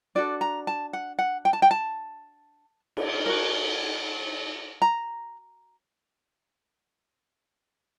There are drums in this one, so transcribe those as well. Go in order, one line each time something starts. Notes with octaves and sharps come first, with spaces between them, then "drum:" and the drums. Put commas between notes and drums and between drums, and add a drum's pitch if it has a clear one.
D4 F#4 A4 D5
A#5
A5
F#5
F#5
G5
A5
G5
A5
drum: cymbal
F#4 A#4
A#5